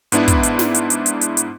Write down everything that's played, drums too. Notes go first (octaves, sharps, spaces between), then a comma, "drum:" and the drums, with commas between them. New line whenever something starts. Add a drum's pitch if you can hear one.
G#2 B3 D4 E4, drum: hi-hat
drum: kick, hi-hat
drum: hi-hat
drum: snare
drum: hi-hat
drum: hi-hat
drum: hi-hat
drum: hi-hat
drum: hi-hat